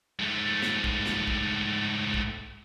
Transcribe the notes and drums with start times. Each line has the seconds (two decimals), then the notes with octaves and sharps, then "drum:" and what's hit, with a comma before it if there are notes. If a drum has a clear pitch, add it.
0.19 G#2 A3
0.62 drum: snare
0.84 drum: kick
1.06 drum: snare
1.27 drum: kick
2.14 drum: kick